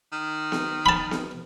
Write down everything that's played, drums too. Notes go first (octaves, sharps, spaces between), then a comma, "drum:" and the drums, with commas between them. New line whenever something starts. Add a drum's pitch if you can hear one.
D#3
drum: snare B3
A5 B5
drum: snare B3